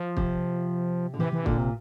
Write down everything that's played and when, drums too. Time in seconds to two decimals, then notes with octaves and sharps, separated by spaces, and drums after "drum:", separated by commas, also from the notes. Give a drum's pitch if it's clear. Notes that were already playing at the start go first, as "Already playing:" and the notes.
Already playing: F3
0.17 C3, drum: kick
1.14 D3
1.19 C3 E3
1.33 E3
1.46 A#2 D3, drum: kick
1.58 C3